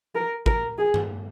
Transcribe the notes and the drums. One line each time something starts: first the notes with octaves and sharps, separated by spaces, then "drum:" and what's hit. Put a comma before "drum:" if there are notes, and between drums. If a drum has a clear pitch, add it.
A#4
A#4, drum: kick G#1
G#4
drum: tom G2